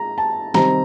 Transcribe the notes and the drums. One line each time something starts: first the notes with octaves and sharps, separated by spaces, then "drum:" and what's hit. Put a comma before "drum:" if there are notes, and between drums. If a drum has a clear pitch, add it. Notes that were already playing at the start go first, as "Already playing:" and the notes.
Already playing: G#3 A#5
A5
C3 D#3 G3 C4 A#5, drum: snare